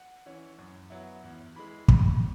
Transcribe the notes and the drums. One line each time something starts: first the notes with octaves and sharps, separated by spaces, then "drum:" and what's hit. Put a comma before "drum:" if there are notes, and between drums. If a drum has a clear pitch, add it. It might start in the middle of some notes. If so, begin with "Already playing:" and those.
Already playing: F#5
E3 C#4
F#2
F#3 B3 E4
E2
E3 G#3 B5
C#2, drum: kick